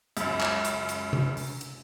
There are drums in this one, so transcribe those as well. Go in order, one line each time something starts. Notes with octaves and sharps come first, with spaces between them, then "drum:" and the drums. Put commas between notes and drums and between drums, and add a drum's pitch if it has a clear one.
C#2 F#2, drum: hi-hat
drum: clap
drum: hi-hat
drum: hi-hat
drum: tom C3
drum: open hi-hat
drum: hi-hat